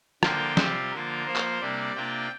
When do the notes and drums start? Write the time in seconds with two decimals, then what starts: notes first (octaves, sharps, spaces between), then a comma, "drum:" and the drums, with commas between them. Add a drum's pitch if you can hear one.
0.23 D3 F3 A#3 F4 G5, drum: rim click
0.57 C3 G3 C4 F4 G4, drum: snare
0.91 D3 F3 A#3 F4 A#4
1.26 F3 A#3 F4 C5
1.36 drum: clap
1.60 C3 G3 A#3 D4 D5
1.94 C3 A#3 D4 F4 G5